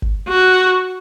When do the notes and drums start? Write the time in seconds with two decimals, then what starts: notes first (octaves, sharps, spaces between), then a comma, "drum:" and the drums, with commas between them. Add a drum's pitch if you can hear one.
0.02 drum: kick
0.29 F#4